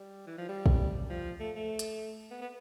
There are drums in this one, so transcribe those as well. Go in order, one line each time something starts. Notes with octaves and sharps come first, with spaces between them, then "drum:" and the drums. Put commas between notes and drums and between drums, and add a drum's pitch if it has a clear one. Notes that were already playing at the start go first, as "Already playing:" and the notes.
Already playing: G3
E3
F3
G3
drum: kick
F3
A3
A3
drum: hi-hat
B3
B3